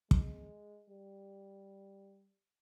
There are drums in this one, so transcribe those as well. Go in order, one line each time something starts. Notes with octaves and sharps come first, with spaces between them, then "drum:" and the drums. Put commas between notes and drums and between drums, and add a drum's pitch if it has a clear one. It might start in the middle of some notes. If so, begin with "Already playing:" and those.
G#3, drum: kick
G3